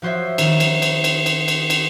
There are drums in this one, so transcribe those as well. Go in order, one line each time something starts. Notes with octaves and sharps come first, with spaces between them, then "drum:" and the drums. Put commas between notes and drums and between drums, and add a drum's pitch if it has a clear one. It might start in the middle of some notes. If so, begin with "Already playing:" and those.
F3 F#4 C5 C#5 E5
D#3, drum: cymbal
drum: cymbal
drum: cymbal
drum: cymbal
drum: cymbal
drum: cymbal
drum: cymbal